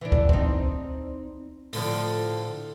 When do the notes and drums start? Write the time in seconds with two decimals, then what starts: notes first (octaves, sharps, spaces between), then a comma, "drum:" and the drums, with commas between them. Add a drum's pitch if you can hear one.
0.01 E3 D4
0.12 drum: kick
0.29 C4 D#4, drum: kick
1.73 A2 D3 F3, drum: open hi-hat